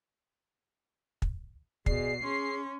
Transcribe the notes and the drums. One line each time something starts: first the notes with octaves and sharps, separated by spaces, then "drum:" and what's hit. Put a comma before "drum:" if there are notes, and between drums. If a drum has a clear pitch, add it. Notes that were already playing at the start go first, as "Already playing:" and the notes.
drum: kick
B2 G#4 D5 C7, drum: kick
C#4 G#4 C6